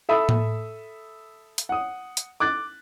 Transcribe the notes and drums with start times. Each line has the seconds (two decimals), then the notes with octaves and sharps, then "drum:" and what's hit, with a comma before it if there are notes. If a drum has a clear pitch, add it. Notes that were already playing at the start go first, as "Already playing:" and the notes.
0.09 A4 E5 B5 D#6 E6
0.29 drum: tom A2
1.58 drum: hi-hat
1.69 F#5 D#6
2.17 drum: hi-hat
2.40 D6 F#6 A6